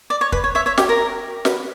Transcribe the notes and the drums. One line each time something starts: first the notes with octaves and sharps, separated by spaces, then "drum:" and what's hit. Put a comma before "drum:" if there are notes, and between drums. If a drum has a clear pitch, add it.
D5
C#5
B4, drum: kick
C#5
C#5 E5
C#5 E5
G4, drum: snare
A#4
B4, drum: snare